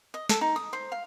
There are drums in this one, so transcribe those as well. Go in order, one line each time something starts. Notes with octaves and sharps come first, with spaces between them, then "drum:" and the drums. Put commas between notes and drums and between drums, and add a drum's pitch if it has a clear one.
D#5
A4, drum: snare
D#4
D#6
C5
F5